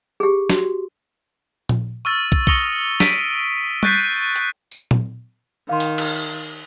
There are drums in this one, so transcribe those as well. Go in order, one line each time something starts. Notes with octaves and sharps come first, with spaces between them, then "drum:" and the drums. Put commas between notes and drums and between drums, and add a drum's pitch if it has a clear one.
G4 G#4
F#4, drum: snare
drum: tom A#2
C#6 E6 F6 A6
drum: kick
C#6 D#6 A#6 C#7 G7, drum: kick
B6 D7 D#7, drum: snare
C#6 F#6 G6 A6 B6 C7, drum: tom
drum: hi-hat
drum: tambourine
drum: tom A#2
D#3 F5 C6
drum: open hi-hat
drum: cymbal